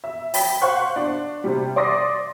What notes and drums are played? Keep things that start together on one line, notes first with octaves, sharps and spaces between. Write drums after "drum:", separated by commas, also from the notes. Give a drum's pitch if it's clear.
E5
G5 B5 B6, drum: open hi-hat
C5 F5 F#5 C6 C#6 F#6
D4
C3 G3
D5 C6 D#6 A#6